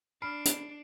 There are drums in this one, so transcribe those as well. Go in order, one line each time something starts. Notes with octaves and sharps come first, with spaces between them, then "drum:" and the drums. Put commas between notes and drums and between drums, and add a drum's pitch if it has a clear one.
D4 B5 F6 C7 D7
drum: hi-hat